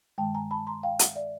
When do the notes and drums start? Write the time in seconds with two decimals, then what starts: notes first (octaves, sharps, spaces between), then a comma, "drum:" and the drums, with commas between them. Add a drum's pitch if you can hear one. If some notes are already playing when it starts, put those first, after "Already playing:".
0.18 G2 D#3 G#3 G5 A5
0.35 G#5 A#5
0.51 A5 B5
0.67 A#5 C6
0.83 F5 G5
0.99 E5 F#5, drum: hi-hat
1.16 D5 E5